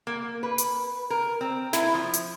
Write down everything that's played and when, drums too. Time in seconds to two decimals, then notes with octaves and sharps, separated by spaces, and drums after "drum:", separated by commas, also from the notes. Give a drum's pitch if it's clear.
0.07 A#3
0.43 B4
0.58 drum: hi-hat
1.10 A#4
1.41 C4
1.73 E4, drum: snare
1.94 F3
2.13 drum: hi-hat